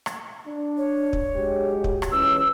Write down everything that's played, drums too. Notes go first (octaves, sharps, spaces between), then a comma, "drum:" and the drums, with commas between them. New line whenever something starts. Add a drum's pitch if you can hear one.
drum: rim click
D4
C#5
drum: kick
F#3 G#3 G4
drum: kick
drum: rim click
C#2 E3 C#4 E6